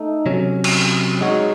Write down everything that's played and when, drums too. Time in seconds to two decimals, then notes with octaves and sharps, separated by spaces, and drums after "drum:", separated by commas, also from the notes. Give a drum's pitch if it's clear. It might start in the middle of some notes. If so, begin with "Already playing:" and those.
Already playing: A3 D#4 A4
0.26 C3 F#3 C#4
0.64 drum: cymbal
1.21 G#3 D#4 F#4 C#5